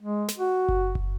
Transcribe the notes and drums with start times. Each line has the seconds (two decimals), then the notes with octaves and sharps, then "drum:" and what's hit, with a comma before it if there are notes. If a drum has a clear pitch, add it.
0.02 G#3
0.28 drum: snare
0.38 F#4
0.69 drum: kick F#1
0.95 drum: kick F#1